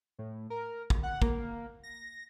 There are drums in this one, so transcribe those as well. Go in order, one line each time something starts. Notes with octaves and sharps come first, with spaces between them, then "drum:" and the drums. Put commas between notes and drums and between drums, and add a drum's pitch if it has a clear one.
A2
A#4
drum: kick
F#5
A#3, drum: kick
A#6